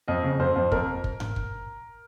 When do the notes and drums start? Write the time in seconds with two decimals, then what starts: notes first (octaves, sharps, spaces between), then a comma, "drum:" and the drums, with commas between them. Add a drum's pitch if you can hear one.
0.08 F2 D#5
0.23 C#3
0.40 F2 C5
0.56 F2
0.72 F2 A#4, drum: kick
1.04 drum: kick
1.20 drum: tom G#2
1.36 drum: kick